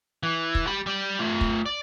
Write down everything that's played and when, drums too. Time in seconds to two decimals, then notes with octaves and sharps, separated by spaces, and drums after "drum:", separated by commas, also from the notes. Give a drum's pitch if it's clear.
0.23 E3
0.55 drum: kick
0.67 G4 B5
0.86 G3 D5
1.19 A3 F4
1.41 drum: kick
1.66 D5